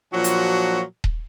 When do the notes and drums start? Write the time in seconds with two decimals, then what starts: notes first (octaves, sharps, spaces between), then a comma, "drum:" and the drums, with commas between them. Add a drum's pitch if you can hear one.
0.12 A#2 F3 F#3 D4 F#4
0.24 drum: hi-hat
1.04 drum: kick D#1